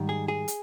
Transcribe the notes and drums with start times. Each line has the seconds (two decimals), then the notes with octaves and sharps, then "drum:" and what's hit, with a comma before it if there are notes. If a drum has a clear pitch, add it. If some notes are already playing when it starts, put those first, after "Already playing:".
Already playing: G#2 D#3 G3
0.09 G#4
0.28 G#4
0.48 drum: hi-hat